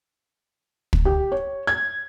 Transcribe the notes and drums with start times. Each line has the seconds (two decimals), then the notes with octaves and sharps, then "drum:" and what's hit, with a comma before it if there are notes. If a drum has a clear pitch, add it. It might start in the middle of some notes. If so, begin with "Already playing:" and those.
0.93 drum: kick
1.05 G4
1.32 C#5
1.67 G#6